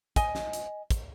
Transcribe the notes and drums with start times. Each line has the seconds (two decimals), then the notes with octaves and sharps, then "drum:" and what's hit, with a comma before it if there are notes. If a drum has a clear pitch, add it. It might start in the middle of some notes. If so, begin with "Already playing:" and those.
0.16 D#5 G#5, drum: kick, hi-hat
0.35 drum: snare
0.53 drum: hi-hat
0.91 drum: kick, hi-hat